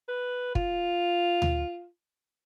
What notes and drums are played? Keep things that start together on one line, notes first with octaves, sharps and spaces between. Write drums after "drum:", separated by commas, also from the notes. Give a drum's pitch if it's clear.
B4
F4, drum: kick
drum: tom D2